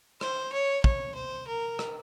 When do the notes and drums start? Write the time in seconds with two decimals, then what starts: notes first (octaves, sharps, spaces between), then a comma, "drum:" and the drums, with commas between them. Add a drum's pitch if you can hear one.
0.21 C5, drum: rim click
0.53 C#5
0.84 C#5, drum: kick
1.15 C5
1.48 A#4
1.79 drum: rim click